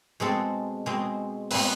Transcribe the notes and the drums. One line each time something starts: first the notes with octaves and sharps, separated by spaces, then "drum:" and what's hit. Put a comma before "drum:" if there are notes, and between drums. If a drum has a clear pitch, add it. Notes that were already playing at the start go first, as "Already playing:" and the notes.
B2 G#3 C4 A4
B2 G#3 C4
B2 G#3 C4 B4, drum: open hi-hat